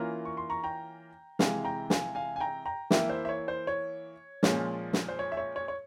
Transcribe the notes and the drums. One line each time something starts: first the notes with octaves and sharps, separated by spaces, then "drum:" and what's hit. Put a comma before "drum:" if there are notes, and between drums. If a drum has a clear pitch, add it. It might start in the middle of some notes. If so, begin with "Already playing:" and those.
Already playing: E3 A#3 C#4 F4 A#5
C#6
C6
A#5 C#6
G5 A#5
C3 E3 G#3 F5 G#5, drum: snare
G5 A#5
F5 G#5, drum: snare
F5 G#5
G#5
G5 A#5
G5 A#5
E3 A#3 E4 E5 G5, drum: snare
C5 E5
E5
C#5
C5
C#5
A#2 F3 G#3 C#4 F4, drum: snare
drum: snare
C5
C#5
E5
C#5
C#5
C#5